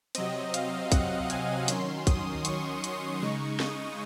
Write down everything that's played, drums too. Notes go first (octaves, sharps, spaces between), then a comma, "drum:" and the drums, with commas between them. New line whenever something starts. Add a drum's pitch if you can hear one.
C3 F#3 C4 D#5, drum: hi-hat
F5, drum: hi-hat
F#5, drum: kick, hi-hat
G#5, drum: hi-hat
D#3 F#3 C#4 C6, drum: hi-hat
D#6, drum: kick, hi-hat
C#6, drum: hi-hat
C6, drum: hi-hat
C#3 G#3 D#4 C#6
D#6, drum: snare